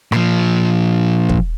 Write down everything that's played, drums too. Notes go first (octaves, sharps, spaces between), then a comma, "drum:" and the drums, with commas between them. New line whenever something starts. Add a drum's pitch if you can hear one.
A#2 F3, drum: rim click
drum: kick